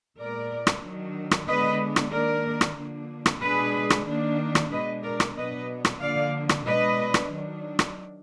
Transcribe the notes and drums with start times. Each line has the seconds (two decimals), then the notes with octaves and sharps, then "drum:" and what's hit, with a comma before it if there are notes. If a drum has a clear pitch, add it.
0.18 A#2 G#3 B3 A#4 D5
0.67 drum: rim click
0.83 D#3 F#3 D4
1.31 drum: rim click
1.47 D3 G#3 B3 D4 B4 D#5
1.96 drum: rim click
2.12 D#3 A#3 D4 A#4 D5
2.61 drum: rim click
2.77 D3 F3 A#3 D4
3.26 drum: rim click
3.41 B2 G#3 D4 G#4 B4
3.90 drum: rim click
4.06 D#3 A#3 D4
4.55 drum: rim click
4.71 B2 G#3 D4 B4 D#5
5.03 A#4 D5
5.20 drum: rim click
5.36 B2 F#3 B3 D4 B4 D#5
5.85 drum: rim click
6.01 D3 F3 A#3 D4 D5 F5
6.49 drum: rim click
6.65 B2 G#3 D4 B4 D#5
7.14 drum: rim click
7.30 D#3 F#3 D4
7.79 drum: rim click